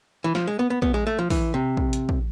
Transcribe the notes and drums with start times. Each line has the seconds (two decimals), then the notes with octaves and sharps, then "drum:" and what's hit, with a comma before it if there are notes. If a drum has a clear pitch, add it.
0.24 E3
0.35 F3, drum: snare
0.47 G#3
0.59 B3
0.70 B3
0.82 B3, drum: kick
0.94 G#3
1.07 A3
1.19 F3
1.30 E3, drum: kick, open hi-hat
1.54 C3
1.77 drum: kick
1.93 drum: hi-hat
2.09 drum: kick